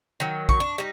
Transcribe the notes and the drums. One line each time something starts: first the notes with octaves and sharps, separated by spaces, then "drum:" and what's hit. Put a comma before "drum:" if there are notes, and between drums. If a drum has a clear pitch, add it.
D#3 F#3
C#6, drum: kick
D4
G3 D#4